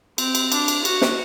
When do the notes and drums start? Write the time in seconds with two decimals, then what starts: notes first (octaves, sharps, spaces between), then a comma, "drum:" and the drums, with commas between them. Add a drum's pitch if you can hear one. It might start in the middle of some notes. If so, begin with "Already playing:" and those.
0.18 C4, drum: cymbal
0.35 drum: cymbal
0.52 D4, drum: cymbal
0.68 drum: cymbal
0.85 F#4, drum: cymbal
1.01 drum: snare